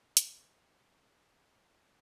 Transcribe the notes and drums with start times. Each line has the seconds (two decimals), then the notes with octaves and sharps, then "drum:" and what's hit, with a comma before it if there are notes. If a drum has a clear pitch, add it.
0.17 D#2 C#3 F3 A3 D#4 E4 F5, drum: hi-hat